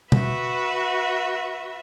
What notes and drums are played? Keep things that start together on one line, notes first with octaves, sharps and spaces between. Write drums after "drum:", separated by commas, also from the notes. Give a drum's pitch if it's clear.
F#4 B4 E5, drum: tom B2